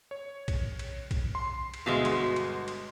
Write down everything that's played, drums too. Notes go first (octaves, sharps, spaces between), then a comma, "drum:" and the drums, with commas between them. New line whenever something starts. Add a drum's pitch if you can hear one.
C#5
drum: kick, cymbal
drum: cymbal
drum: kick, cymbal
C6
drum: cymbal
D2 B2 G#3 E5 F5
G1 F#4 C6, drum: cymbal
drum: cymbal
drum: cymbal